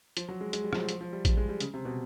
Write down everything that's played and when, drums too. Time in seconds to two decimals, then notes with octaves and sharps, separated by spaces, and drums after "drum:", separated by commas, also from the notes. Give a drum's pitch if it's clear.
0.17 F3, drum: hi-hat
0.29 F#3
0.41 G#3
0.53 G#3, drum: hi-hat
0.64 G3
0.73 F3, drum: rim click
0.77 F#3
0.89 F3, drum: hi-hat
1.01 F3
1.13 G3
1.25 drum: kick A1, hi-hat
1.37 G#3
1.49 G3
1.60 C#3, drum: hi-hat
1.74 C3
1.85 B2